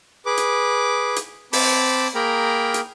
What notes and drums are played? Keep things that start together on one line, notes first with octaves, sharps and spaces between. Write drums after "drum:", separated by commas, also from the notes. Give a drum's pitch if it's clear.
G#4 B4 D6
drum: hi-hat
drum: hi-hat
C4 A5 B5 D6, drum: open hi-hat
A#3 G#4 A#4 G5 A#5 B5
drum: hi-hat